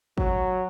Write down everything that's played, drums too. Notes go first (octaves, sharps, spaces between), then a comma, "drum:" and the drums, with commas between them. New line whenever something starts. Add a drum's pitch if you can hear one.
F#3, drum: kick